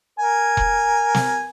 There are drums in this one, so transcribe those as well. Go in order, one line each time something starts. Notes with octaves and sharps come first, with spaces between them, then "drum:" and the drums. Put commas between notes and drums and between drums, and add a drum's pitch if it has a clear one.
A#4 G#5
drum: kick E1
drum: snare